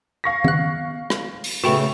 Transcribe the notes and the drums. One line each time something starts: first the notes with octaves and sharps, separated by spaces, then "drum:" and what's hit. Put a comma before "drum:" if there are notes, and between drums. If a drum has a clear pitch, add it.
F5 C#6 A#6
B3 F#6, drum: tom D#3
drum: rim click
drum: open hi-hat
C#3 A3 B3 F#4 G5 C#6 E7 F7